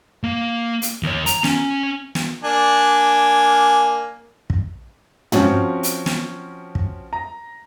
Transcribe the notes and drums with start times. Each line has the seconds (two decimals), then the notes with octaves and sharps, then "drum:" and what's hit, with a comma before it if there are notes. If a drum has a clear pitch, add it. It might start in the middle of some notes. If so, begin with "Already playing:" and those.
0.24 A#3
0.82 drum: hi-hat
1.03 D#2 C#5
1.26 A#5, drum: hi-hat
1.44 C#4, drum: snare
2.15 drum: snare
2.44 A#3 D4 G#5
4.50 drum: kick
5.32 F3 C4 C#4 F#4, drum: tom
5.83 drum: hi-hat
6.06 drum: snare
6.75 drum: kick
7.13 A#5